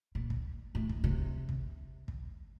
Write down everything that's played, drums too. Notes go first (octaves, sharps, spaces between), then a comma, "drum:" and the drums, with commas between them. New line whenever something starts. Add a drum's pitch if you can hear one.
A#2
drum: kick
A2
drum: kick
C3
drum: kick
drum: kick